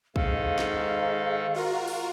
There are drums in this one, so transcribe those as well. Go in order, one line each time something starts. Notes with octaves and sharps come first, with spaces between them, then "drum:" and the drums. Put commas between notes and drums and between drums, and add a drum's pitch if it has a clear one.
G#2 D#3 A4 F5, drum: kick
drum: snare
F4 F#4 A#4
drum: open hi-hat